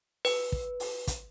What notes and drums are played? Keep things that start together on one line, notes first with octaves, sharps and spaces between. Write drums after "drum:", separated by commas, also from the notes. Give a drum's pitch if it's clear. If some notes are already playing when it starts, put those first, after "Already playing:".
B4, drum: open hi-hat
drum: kick
drum: open hi-hat
drum: kick, hi-hat